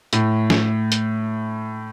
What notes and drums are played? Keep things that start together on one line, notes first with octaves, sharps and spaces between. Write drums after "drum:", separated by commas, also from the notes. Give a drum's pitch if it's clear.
A2, drum: hi-hat
drum: snare
drum: hi-hat